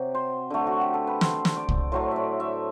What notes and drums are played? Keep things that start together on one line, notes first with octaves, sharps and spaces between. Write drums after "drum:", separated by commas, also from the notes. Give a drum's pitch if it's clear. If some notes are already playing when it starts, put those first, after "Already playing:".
Already playing: C3 F#3 G4
C5
D3 A3
F#4
G4
A4
B4
C5, drum: snare
drum: snare
D5
drum: kick
A2 F#3 A3 C5
D5 E5
E5